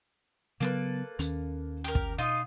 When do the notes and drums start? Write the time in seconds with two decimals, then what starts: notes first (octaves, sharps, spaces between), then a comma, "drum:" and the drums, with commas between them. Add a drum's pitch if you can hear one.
0.60 C#3 F#3 A#3 B3 A4 B4
1.19 D#2 D#3 C#4, drum: hi-hat
1.84 G4 A#4
1.95 drum: kick
2.18 B2 D#4 F4 D#5